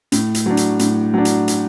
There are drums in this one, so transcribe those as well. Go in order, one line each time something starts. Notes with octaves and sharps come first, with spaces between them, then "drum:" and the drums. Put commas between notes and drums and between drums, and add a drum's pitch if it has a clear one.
A2, drum: hi-hat
drum: hi-hat
F#3 D4
drum: hi-hat
A2, drum: hi-hat
F#3 D4
drum: hi-hat
drum: hi-hat